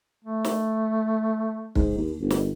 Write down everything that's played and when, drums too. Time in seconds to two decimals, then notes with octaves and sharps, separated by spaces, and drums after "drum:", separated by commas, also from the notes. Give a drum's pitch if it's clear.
0.24 A3
0.45 drum: snare
1.75 G#2, drum: kick
1.98 D#2
2.21 G1
2.30 drum: snare